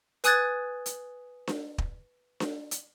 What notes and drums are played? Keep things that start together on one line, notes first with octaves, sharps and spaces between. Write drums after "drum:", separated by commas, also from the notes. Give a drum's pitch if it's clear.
B4 G#5 D#6 F#6 G#6 A6, drum: hi-hat
drum: hi-hat
drum: snare D4
drum: kick
drum: snare D4
drum: hi-hat